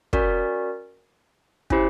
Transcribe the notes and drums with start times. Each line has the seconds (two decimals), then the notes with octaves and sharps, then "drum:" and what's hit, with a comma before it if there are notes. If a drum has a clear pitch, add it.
0.13 C#4 F#4 A#4 D5, drum: kick
1.70 C#4 E4 G4 C5, drum: kick